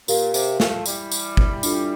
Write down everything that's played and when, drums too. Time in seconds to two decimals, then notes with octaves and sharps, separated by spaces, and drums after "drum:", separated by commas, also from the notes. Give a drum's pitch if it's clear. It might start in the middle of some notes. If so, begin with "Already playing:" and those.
0.08 A#2 G4 A#4 F5, drum: tambourine
0.34 C3, drum: tambourine
0.60 F3 A3, drum: snare
0.86 E3 G3, drum: tambourine
1.12 drum: tambourine
1.37 drum: kick G1
1.63 D4 F4 A4, drum: tambourine